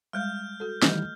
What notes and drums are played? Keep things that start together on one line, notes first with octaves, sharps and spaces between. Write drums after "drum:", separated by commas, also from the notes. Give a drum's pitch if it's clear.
G3 G#3 F5 F6 G6
F#4 A4
D#3 E3 G3 A3 D#5, drum: snare